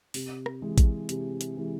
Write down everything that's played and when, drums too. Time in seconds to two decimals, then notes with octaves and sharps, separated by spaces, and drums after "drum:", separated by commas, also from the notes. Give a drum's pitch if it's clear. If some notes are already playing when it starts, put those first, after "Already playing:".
0.14 C3, drum: open hi-hat
0.46 drum: rim click
0.62 E3 G#3
0.78 drum: kick, hi-hat
1.09 C3, drum: hi-hat
1.41 drum: hi-hat
1.56 E3 G#3